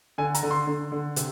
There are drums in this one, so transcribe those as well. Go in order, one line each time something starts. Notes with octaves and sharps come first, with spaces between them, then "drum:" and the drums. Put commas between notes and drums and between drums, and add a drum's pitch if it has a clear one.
D3 G#5
A#5, drum: hi-hat
D3
C6
D3
D3
C3, drum: hi-hat